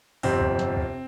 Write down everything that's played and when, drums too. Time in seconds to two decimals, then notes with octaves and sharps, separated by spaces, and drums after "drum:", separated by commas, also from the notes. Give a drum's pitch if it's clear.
0.23 G1 F2 C3 C4, drum: open hi-hat
0.41 drum: kick D2
0.59 drum: snare
0.77 drum: kick D2